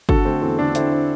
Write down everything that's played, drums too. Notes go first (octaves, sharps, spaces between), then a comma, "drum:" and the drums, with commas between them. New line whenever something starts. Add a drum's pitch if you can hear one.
D3 F#4 A4, drum: kick
A3 C4
E2 C4
D3 D4
D3 C4 E4, drum: hi-hat
C4